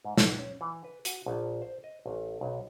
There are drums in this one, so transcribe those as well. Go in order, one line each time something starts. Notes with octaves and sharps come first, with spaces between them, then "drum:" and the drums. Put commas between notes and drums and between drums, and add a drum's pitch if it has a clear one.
G#2
B4, drum: snare
C#4
E3
B4
F#4, drum: hi-hat
A#1
C5
D#5
A1
B1